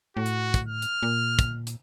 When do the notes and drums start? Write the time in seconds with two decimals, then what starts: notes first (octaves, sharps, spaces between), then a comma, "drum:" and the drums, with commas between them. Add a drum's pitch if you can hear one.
0.17 A2 F#4
0.26 drum: hi-hat
0.54 drum: kick, hi-hat
0.68 F6
0.82 drum: hi-hat
1.03 A#2
1.39 drum: kick, hi-hat
1.67 drum: hi-hat